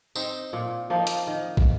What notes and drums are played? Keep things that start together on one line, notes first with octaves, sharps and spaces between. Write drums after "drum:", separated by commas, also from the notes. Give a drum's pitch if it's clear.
C4 D#4, drum: tambourine
A#2
F3 A#3 D#4
drum: hi-hat
D#3
drum: kick